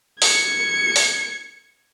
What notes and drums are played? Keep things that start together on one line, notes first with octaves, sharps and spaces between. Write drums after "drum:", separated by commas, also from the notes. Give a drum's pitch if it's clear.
G#6 C#7, drum: open hi-hat
drum: open hi-hat